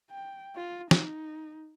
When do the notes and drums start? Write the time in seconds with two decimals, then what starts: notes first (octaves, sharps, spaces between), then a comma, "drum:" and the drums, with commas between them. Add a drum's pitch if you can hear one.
0.11 G5
0.55 F4
0.91 D#4, drum: snare